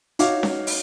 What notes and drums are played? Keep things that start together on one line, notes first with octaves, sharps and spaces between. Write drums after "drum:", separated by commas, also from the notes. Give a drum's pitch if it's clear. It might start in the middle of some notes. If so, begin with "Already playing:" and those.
D#4 F#4 C#5 F5 D6, drum: hi-hat
drum: snare C#4
drum: open hi-hat